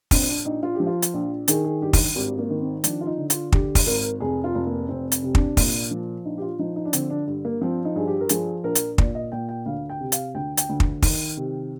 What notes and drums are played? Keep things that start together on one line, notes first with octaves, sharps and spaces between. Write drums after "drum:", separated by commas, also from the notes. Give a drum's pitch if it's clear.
A#1 C4, drum: kick, open hi-hat
D4
A#1 D#4
F4
F3 G4
F4
drum: hi-hat
A#1
D#3 G#4, drum: hi-hat
G#4
G2 G4
drum: kick, open hi-hat
G#1 G4
A#3
D#3
C4
F3 D4, drum: hi-hat
F4
D#4
D3
F4, drum: hi-hat
D3 G4, drum: kick
drum: kick, open hi-hat
G#1 A#4
F1 G#4
F4
F1
A#3
F1 C4
drum: hi-hat
C3
D4, drum: kick
A#2, drum: kick, open hi-hat
F3
A#1 D#4
G4
F4
F3 D#4
D#4
D4
D3 C4, drum: hi-hat
D4
G2
A#3
F3 C4
D#4
G2 G#4
G4
A#4
F3 G#4, drum: hi-hat
A#1 A#4
drum: hi-hat
A#2 D5, drum: kick
D#5
A#2 G5
G5
D2 F5
G5
C3
F5, drum: hi-hat
D2 G5
G5, drum: hi-hat
D2
drum: kick
D#3, drum: kick, open hi-hat
C3